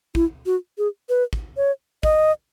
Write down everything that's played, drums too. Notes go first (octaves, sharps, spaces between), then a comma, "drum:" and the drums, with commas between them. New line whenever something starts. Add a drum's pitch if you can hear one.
E4, drum: kick
F#4
G#4
B4
drum: kick
C#5
D#5, drum: kick